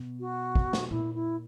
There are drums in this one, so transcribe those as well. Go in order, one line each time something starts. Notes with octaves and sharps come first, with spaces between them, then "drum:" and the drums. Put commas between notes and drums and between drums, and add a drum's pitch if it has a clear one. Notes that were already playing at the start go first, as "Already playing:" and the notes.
Already playing: B2
F#4
drum: kick
drum: snare
A#2 E4
E4